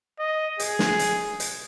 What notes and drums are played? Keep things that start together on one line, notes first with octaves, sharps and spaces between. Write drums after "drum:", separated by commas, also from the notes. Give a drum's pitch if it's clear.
D#5
G#4, drum: hi-hat
drum: snare
drum: hi-hat
drum: hi-hat